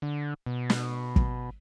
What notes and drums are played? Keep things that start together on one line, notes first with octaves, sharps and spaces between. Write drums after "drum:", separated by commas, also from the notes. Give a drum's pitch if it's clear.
D3
B2
drum: snare
drum: kick